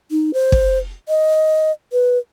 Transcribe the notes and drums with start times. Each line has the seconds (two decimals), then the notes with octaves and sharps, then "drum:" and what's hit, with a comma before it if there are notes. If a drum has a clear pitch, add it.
0.11 D#4
0.34 C5
0.52 drum: kick
1.09 D#5
1.92 B4